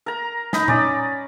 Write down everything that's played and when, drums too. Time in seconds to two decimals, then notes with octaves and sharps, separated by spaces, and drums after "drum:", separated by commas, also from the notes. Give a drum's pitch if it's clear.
0.06 A#4 A#5
0.53 D#4 A#5 B5, drum: snare
0.68 C#4 D5 D#5, drum: tom A#2